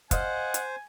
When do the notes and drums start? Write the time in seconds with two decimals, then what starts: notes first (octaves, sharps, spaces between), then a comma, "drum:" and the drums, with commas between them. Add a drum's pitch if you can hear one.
0.11 C5 D#5 F5 F#5 G#5, drum: kick, hi-hat
0.54 drum: hi-hat